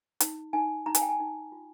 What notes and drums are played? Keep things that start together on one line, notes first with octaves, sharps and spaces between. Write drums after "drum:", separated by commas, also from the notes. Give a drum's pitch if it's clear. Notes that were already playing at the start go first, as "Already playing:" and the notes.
D#4, drum: hi-hat
D#4 G#5
D#4 A#5
G#5, drum: hi-hat
G5
G#5
D#4
F4